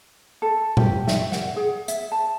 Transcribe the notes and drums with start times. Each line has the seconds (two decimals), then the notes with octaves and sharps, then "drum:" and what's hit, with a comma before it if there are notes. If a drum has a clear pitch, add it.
0.42 A4
0.77 G4, drum: tom A#2
1.08 E5, drum: snare
1.32 F#5, drum: snare
1.56 G#4
1.88 E5, drum: hi-hat
2.12 A5